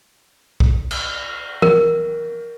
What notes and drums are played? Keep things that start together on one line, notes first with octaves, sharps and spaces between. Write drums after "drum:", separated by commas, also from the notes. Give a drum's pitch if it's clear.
drum: kick A#1
drum: cymbal
A#4, drum: tom E3